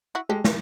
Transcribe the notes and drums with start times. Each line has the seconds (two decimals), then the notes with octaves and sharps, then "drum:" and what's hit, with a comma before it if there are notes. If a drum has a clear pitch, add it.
0.15 E4 F#4
0.29 G#3 G4 A4
0.44 drum: snare